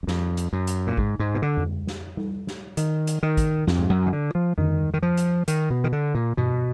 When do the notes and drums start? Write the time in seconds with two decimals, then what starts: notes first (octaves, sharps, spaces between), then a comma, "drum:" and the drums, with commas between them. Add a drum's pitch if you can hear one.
0.03 F#2
0.07 F2, drum: snare
0.37 drum: hi-hat
0.53 F#2
0.67 drum: hi-hat
0.87 A#2
0.97 G#2, drum: kick
1.19 G#2
1.35 B2
1.42 D3
1.57 drum: tom F2
1.87 drum: snare
2.17 drum: tom G3
2.47 drum: snare
2.77 D#3, drum: hi-hat
3.07 drum: hi-hat
3.23 D#3
3.37 drum: kick, hi-hat
3.67 F2, drum: snare
3.79 G#2
3.90 F#2
4.06 D#3
4.13 D3
4.35 F3
4.58 D#3, drum: tom F2
4.94 D#3
5.03 F3
5.17 drum: hi-hat
5.48 D#3, drum: hi-hat
5.70 B2
5.84 D#3
5.92 D3
6.15 A#2
6.37 B2, drum: tom G2